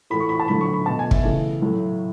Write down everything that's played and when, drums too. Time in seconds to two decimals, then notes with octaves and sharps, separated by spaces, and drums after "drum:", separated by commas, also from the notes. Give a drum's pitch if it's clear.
0.10 A2 E3 A3 B5
0.20 C#6
0.29 B5
0.40 A5
0.48 D3 F#3 A3 B5
0.61 C#6
0.74 B5
0.86 B2 A3 A5
0.99 G#5
1.11 E5, drum: kick
1.23 C#3 E3 A3
1.62 A2 F#3 A3